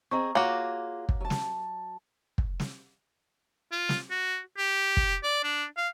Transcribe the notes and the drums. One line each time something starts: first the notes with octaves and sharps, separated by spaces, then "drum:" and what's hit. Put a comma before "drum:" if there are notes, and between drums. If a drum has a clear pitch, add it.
C4 G#4 D#5 A#5 C#6
A#3 F4 F#4 G#4 C#5 D6
drum: kick
F#3 A5
drum: snare
drum: kick
drum: snare
F4
drum: snare
F#4
G4
drum: kick
D5
D4
F5